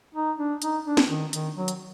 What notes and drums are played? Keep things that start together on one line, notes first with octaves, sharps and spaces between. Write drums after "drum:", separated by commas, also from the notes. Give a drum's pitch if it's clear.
D#4
D4
D#4, drum: hi-hat
D4
drum: snare
D#3
D#3, drum: hi-hat
F#3
drum: hi-hat